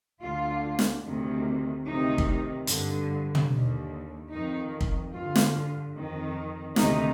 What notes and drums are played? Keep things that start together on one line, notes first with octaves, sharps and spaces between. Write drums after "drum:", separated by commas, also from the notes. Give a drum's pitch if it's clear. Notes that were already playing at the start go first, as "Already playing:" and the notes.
D2 D3 F4
drum: snare
D2 C3 D#3
D2 C3 D#3 D#4
drum: kick
G2 D3, drum: hi-hat
drum: tom
D#2 D3
F2 D#3 D#4
drum: kick
G2 D3 F4
drum: snare
F2 D#3
D2 C3 D#3 D#4, drum: snare